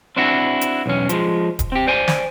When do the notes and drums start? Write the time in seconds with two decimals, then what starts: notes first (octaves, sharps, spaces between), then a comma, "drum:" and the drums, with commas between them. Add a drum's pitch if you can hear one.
0.16 C4 D4 E4 F#4
0.61 drum: hi-hat
0.86 B1 E2 C#4
1.09 F3 G#3, drum: hi-hat
1.59 drum: kick D#1, hi-hat
1.72 C4 G4
1.88 C5 D5 G#5
2.08 drum: snare